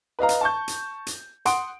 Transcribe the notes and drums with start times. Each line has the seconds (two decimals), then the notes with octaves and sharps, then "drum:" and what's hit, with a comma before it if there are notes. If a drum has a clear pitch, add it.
0.19 B4 D#5 F5 A#5
0.29 drum: hi-hat
0.41 A5 C#6 G6
0.68 drum: hi-hat
1.07 drum: hi-hat
1.45 F#5 C6 D#6 D7, drum: hi-hat